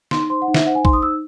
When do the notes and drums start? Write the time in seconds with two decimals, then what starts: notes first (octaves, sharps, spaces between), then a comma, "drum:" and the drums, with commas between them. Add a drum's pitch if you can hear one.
0.11 D#4 C6, drum: snare
0.30 C5 C6
0.42 F#5
0.48 D#4
0.54 E5, drum: snare
0.66 C5 F#5
0.75 G#5
0.85 D#4 C6, drum: kick
0.93 D#6
1.02 D#4 E6